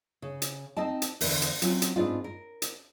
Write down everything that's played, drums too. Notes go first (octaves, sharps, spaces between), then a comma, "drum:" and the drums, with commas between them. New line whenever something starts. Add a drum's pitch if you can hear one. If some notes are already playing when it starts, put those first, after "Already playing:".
C#3
drum: hi-hat
C4 D#4 D#5 A5
drum: hi-hat
E2 D3, drum: open hi-hat
drum: hi-hat
F#3 C4 C#4 F4, drum: hi-hat
drum: hi-hat
G#2 B3 C4 D4 D#4 F4
A#4
drum: hi-hat